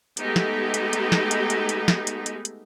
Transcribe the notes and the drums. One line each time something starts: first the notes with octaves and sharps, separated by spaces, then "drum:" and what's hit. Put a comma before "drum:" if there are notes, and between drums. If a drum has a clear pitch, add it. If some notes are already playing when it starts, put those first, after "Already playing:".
G#3 A3 B3 D#4 G4, drum: hi-hat
drum: snare
drum: hi-hat
drum: hi-hat
drum: snare
drum: hi-hat
drum: hi-hat
drum: hi-hat
drum: snare
drum: hi-hat
drum: hi-hat
drum: hi-hat